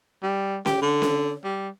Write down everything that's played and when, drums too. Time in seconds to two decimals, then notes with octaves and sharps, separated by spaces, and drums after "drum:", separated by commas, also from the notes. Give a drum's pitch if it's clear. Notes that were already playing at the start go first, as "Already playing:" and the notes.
0.23 G3
0.66 G4, drum: snare C#4
0.82 D3
1.02 drum: snare C#4
1.44 G3